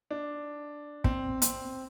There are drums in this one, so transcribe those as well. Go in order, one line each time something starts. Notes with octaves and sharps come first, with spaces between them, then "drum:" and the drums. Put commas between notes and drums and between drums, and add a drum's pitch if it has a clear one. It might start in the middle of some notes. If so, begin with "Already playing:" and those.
D4
C4, drum: kick
C4, drum: hi-hat